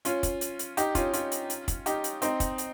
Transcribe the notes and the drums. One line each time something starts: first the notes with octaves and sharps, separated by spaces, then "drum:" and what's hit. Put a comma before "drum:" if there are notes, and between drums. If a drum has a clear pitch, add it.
C#4 F4, drum: hi-hat
drum: kick, hi-hat
drum: hi-hat
drum: hi-hat
D#4 G4, drum: hi-hat
C#4 F4, drum: kick, hi-hat
C#4 F4, drum: hi-hat
drum: hi-hat
drum: hi-hat
drum: kick, hi-hat
D#4 G4, drum: hi-hat
drum: hi-hat
C4 D#4, drum: hi-hat
drum: kick, hi-hat
drum: hi-hat